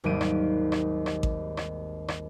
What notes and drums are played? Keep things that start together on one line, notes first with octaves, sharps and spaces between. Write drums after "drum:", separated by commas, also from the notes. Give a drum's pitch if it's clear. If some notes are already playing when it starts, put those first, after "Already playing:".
G#1 D#2 F#3 G3 D7 D#7
drum: rim click
drum: rim click
drum: rim click
drum: kick A1
drum: rim click
drum: rim click